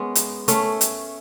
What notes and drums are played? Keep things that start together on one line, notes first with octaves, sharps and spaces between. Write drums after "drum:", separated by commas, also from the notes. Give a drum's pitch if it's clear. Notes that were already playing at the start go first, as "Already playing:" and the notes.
Already playing: G#3 B3 C#4
drum: hi-hat
A3 C#4, drum: hi-hat
drum: hi-hat